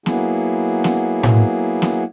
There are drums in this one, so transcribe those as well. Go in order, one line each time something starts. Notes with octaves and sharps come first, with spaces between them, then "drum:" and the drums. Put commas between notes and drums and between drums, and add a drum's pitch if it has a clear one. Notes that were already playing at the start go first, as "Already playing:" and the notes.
F#3 A#3 B3 E4 G#4, drum: snare B3
drum: snare B3
drum: tom A2
drum: snare B3